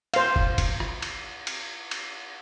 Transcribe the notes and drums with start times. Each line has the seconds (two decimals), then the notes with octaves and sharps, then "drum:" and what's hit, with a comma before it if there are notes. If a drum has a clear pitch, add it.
0.14 C5 F5, drum: cymbal
0.36 drum: kick
0.58 drum: kick, cymbal
0.80 drum: rim click
1.02 drum: cymbal
1.47 drum: cymbal
1.91 drum: cymbal